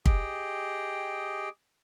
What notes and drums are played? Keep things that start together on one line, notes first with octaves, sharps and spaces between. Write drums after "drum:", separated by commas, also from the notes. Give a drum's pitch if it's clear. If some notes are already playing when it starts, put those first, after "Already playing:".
G4 G#4 D#5 G5, drum: kick